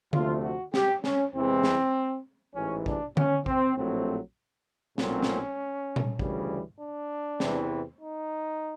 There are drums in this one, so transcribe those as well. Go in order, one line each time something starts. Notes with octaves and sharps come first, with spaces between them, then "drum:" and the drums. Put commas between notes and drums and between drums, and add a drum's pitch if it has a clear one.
D2 C3 F3 A3 F4, drum: tom D3
F#4
G4, drum: snare
C#4, drum: snare
E2 C3 E3 G#3 C4
drum: snare
A1 G#2 E3 C#4
D4, drum: kick
C#4, drum: tom D3
C4, drum: kick
A#1 A2 F#3 A3 C4
B1 A#2 F#3 A3 C4 C#4, drum: snare
drum: snare
drum: tom A#2
D2 C#3 E3 G3, drum: kick
D4
E2 C3 E3, drum: snare
D#4